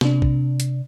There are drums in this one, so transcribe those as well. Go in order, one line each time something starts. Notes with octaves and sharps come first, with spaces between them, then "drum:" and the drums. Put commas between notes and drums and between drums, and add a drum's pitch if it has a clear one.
C3 D4, drum: snare
drum: kick
drum: hi-hat